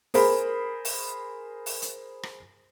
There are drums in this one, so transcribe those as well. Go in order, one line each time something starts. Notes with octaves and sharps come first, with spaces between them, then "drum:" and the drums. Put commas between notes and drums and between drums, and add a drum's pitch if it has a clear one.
G#4 A#4 C5 B5, drum: open hi-hat
drum: open hi-hat
drum: open hi-hat
drum: hi-hat
drum: rim click